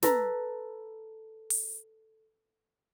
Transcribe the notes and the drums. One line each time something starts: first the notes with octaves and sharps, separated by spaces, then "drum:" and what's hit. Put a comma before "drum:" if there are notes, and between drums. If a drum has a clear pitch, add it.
A4 B4 A#5, drum: snare
drum: open hi-hat